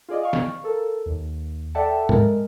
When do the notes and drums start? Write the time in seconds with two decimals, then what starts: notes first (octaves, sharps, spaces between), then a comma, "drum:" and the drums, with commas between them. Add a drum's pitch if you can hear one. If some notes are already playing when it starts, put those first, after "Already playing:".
0.09 F4 G#4 D5 D#5
0.23 F5 C#6
0.33 drum: snare
0.64 A4 A#4
1.06 D#2
1.75 A4 D5 E5 F#5 G5 A5
2.09 G#3 A#4, drum: tom